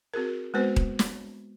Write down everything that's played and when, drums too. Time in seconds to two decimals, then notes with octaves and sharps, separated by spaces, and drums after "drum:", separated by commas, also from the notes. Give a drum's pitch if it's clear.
0.14 C4 F#4 G#4 A#4
0.54 G#3 B3 C4 F#4 B4 C5
0.76 drum: kick D#1
0.99 drum: snare